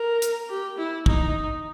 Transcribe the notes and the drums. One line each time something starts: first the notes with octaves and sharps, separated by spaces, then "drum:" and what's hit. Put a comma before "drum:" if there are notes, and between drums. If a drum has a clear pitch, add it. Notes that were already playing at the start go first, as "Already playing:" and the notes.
Already playing: A#4
drum: hi-hat
G4
E4
D#4, drum: kick